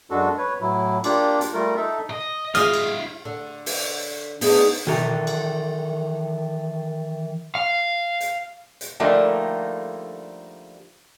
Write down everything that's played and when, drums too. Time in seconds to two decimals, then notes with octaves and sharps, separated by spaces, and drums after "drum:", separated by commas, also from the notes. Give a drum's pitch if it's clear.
0.10 F#2 G#3 D4 F#4 A4
0.38 B4 C#5
0.61 A2 F#3 E4
1.04 A#3 D4 F4 G4, drum: cymbal
1.41 drum: hi-hat
1.54 G3 A3 F4 A#4
1.76 D#4 A4 E5
2.11 D#5
2.55 G#3 E4 F4 G#4 D#5 F5 F6, drum: hi-hat
2.74 drum: cymbal
3.25 D3
3.66 drum: open hi-hat
4.41 B3 D4 D#4 G#4, drum: open hi-hat
4.87 D#3 E3 A4 A#5, drum: tom B2
5.27 drum: cymbal
7.55 F5
8.21 drum: hi-hat
8.81 drum: hi-hat
9.00 D3 F3 G3 A3 A#3 D#4